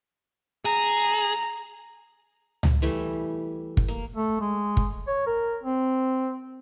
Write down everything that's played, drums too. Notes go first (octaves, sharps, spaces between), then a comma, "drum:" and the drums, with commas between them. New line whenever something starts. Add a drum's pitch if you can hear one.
G#4 A#5
drum: tom C#2
E3 G3 A3
drum: kick
A#3
A3
G#3
drum: kick
C#5
A#4
C4